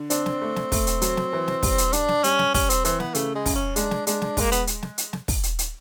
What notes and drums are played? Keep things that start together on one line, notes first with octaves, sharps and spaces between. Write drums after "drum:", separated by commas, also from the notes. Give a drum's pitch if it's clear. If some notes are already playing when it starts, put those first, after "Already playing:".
Already playing: D3
C4 D4, drum: hi-hat
drum: snare
A3
drum: snare
A3, drum: kick, open hi-hat
drum: hi-hat
F#3, drum: hi-hat
drum: snare
E3
drum: snare
G3, drum: kick, open hi-hat
drum: hi-hat
G2 D4, drum: hi-hat
drum: snare
G3 C#4, drum: hi-hat
drum: snare
G3 C#4, drum: kick, open hi-hat
C4, drum: hi-hat
E3 C4, drum: hi-hat
B3, drum: snare
C#3 A3, drum: hi-hat
G#3
F#2, drum: kick, open hi-hat
C#4
G#3 D4, drum: hi-hat
drum: snare
G#3 D4, drum: hi-hat
drum: snare
G#3 A#3, drum: kick, open hi-hat
B3, drum: hi-hat
drum: hi-hat
drum: snare
drum: hi-hat
drum: snare
drum: kick, open hi-hat
drum: hi-hat
drum: hi-hat